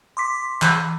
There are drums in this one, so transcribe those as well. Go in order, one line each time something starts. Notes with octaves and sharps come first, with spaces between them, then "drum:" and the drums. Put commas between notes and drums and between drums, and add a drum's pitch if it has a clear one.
C6 D6 B6
E3, drum: clap